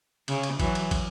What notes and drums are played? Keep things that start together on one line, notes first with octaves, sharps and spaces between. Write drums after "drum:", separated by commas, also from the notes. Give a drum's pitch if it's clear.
C#3, drum: cymbal
drum: cymbal
E3 F#3, drum: kick, cymbal
drum: cymbal
drum: kick, cymbal